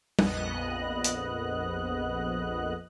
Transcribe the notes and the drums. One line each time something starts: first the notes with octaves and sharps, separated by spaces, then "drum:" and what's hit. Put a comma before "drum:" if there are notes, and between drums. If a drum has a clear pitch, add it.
A#1 F2 B3 D#5 F#6, drum: tom G3
drum: hi-hat